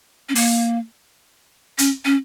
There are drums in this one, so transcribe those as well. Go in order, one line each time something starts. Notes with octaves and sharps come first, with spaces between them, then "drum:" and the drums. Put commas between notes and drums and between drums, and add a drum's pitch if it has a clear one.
C#4
A#3, drum: open hi-hat
C#4, drum: hi-hat
C#4